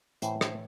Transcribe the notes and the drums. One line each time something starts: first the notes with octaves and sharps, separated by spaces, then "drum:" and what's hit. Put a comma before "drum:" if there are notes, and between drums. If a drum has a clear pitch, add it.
A2 E3 C5, drum: hi-hat
C5, drum: rim click